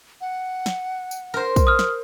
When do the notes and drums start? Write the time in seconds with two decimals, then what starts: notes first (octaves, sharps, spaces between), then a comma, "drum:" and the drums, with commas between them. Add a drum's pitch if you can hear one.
0.21 F#5
0.66 drum: snare
1.11 drum: tambourine
1.34 A#4 C5
1.56 drum: kick, tambourine
1.67 D#6 F6
1.79 drum: snare